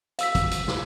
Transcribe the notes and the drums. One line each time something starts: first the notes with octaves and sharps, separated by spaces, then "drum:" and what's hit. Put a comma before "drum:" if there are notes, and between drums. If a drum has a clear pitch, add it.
F5 E6 B6, drum: hi-hat
drum: kick, hi-hat
drum: hi-hat
drum: snare